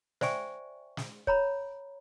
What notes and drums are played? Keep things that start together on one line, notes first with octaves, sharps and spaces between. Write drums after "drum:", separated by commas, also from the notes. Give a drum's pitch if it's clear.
C5 D5 E5 G5 G#5 C#6, drum: snare
drum: snare
C#5 A#5 B5, drum: kick